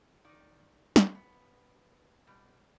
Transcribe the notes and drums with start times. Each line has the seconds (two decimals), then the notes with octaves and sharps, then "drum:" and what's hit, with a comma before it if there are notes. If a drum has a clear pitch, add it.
0.25 D#3 D#4 D5
0.96 drum: snare
1.15 B3
2.27 B2 G3